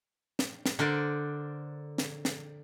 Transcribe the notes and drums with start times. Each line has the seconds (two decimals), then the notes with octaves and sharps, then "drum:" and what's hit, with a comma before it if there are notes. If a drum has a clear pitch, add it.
0.39 drum: snare
0.66 drum: snare
0.79 D3 A#4 C5 D5
1.98 drum: snare
2.25 drum: snare